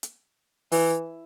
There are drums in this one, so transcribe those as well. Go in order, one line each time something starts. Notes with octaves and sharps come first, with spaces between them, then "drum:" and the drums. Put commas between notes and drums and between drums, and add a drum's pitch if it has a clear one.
drum: hi-hat
E3, drum: open hi-hat